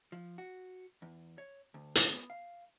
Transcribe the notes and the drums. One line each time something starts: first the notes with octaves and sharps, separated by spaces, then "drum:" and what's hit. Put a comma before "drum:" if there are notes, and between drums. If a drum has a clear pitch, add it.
F3
F#4
E2
C#5
D2
drum: hi-hat
B3
F5